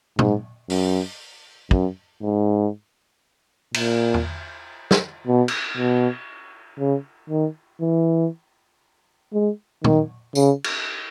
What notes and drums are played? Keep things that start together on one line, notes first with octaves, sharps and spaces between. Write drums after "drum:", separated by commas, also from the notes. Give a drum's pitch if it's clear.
G#2, drum: tom A#2
F#2, drum: open hi-hat
F#2, drum: kick
G#2
A#2, drum: cymbal
drum: tom E2
drum: snare
B2
drum: cymbal
B2
C#3
D#3
E3
G#3
D#3, drum: tom A#2
C#3, drum: tambourine
drum: cymbal